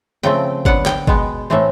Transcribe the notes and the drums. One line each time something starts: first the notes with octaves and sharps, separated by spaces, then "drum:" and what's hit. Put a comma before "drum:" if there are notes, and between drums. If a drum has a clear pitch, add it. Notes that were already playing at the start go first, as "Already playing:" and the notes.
C#3 F3 A3 C4 G5
D3 F#3 B3 F#5, drum: kick G#1
G5, drum: clap
B2 G#3 B3, drum: kick G#1
A2 E3 A3 C4